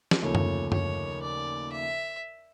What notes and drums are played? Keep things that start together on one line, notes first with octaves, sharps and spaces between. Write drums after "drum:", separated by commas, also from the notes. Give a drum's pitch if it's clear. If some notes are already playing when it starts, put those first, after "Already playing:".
drum: snare
D#2 C#3 F3 A3 C#5
drum: tom F#2
C#5, drum: tom F#2
D5
E5